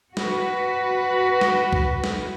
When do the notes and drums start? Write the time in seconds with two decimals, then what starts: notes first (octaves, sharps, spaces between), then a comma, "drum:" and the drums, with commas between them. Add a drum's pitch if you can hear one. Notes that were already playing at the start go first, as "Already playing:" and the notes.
0.17 F#4 B4, drum: snare
1.41 drum: snare
1.73 drum: kick C2
2.04 drum: snare